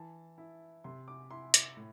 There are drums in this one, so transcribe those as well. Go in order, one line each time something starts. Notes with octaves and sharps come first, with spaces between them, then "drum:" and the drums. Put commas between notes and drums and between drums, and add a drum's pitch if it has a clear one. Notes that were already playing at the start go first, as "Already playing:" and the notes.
Already playing: E3 A5
E4
C3 C6
D6
E4 C6
D6, drum: hi-hat
A2